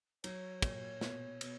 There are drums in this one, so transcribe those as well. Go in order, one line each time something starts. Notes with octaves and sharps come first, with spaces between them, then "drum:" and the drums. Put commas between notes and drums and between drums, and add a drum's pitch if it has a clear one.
F#3 C#5, drum: cymbal
A#2, drum: kick, cymbal
B2, drum: snare
B2, drum: cymbal